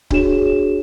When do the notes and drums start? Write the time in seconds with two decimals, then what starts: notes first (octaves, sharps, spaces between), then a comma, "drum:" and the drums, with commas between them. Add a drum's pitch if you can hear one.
0.10 D4 F#4 G#4 C#5 E7, drum: kick C#1